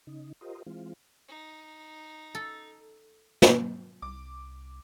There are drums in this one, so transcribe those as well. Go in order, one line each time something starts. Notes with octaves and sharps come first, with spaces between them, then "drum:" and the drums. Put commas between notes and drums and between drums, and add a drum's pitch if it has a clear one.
C#3 D#4
F4 G4 A#4 C5 D#5
E3 G#3 C4 F4
D#4
A4
drum: snare B4
C2 D6